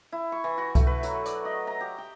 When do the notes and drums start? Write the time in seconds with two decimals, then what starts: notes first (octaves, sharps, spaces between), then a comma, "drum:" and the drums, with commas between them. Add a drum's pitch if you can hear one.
0.12 E4
0.32 C#6
0.44 E3
0.58 F#4
0.75 A3, drum: kick C2, hi-hat
0.87 B4
1.03 F#3, drum: hi-hat
1.26 D5, drum: hi-hat
1.45 D#5
1.67 A#5
1.81 G4
1.98 G5